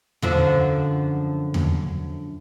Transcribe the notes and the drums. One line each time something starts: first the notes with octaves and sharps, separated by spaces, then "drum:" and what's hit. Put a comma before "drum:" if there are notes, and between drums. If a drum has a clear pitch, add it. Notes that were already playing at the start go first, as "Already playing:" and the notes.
F#2 D3 F3, drum: tom E2
drum: tom E2